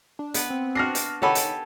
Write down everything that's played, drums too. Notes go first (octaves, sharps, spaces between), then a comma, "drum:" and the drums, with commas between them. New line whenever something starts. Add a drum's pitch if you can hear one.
D4
B3 B4, drum: hi-hat
C4
D4 F#4 F6 A#6 C7
drum: hi-hat
D#3 G4 A4 C#5 F#5 G#5 B5
drum: hi-hat